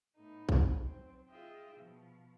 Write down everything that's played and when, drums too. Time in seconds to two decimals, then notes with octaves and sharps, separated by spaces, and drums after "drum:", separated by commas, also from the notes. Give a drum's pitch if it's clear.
0.16 A2 A3 B3 D#4
0.49 drum: kick
0.82 F#3 C4
1.28 F4 G#4 D#5 E5 G5
1.76 B2 F3